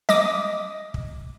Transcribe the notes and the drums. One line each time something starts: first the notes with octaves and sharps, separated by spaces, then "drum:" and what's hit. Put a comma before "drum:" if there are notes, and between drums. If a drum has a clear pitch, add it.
D#5 D6 D#6, drum: snare
drum: kick